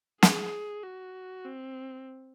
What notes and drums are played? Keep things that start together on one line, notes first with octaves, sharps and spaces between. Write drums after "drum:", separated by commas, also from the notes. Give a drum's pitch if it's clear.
G#4, drum: snare
F#4
C4